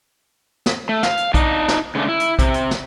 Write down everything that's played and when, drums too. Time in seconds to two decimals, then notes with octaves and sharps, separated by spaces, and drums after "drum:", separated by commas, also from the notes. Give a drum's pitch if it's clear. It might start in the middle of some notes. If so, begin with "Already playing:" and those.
0.66 drum: snare
0.89 A3
1.03 F5, drum: snare
1.17 drum: hi-hat
1.34 D4 D#4, drum: kick B1, hi-hat
1.68 drum: snare
1.95 C#3 G#3 A3 D4
2.09 E4
2.20 drum: hi-hat
2.39 C3, drum: kick B1, hi-hat
2.54 drum: hi-hat
2.71 drum: snare